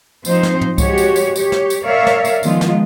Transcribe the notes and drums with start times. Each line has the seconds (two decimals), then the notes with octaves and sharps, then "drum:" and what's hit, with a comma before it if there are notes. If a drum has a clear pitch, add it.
0.25 F3 C4 D#4 C5, drum: tambourine
0.43 drum: snare
0.61 drum: tom
0.78 G#3 F#4 G4 C#5, drum: kick C2, tambourine
0.98 drum: tambourine
1.16 drum: tambourine
1.36 G4 C#5, drum: tambourine
1.52 drum: snare
1.70 drum: tambourine
1.84 A#4 C#5 D5 E5 F5
2.07 drum: snare
2.25 drum: tambourine
2.43 D#3 F3 G#3 B3 F4, drum: tambourine
2.61 drum: snare